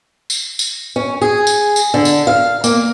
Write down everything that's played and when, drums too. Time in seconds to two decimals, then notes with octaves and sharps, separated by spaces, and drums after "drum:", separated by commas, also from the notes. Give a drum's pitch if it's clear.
0.30 drum: tambourine
0.59 drum: tambourine
0.96 C#4
1.21 G#4
1.47 drum: tambourine
1.76 drum: tambourine
1.94 D3
2.05 drum: tambourine
2.27 F5
2.64 A#3, drum: tambourine